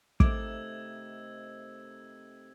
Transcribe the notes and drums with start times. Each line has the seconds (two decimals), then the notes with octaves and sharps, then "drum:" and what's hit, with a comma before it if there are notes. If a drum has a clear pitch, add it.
0.20 C3 D#3 A3 D6 E6 G#6, drum: kick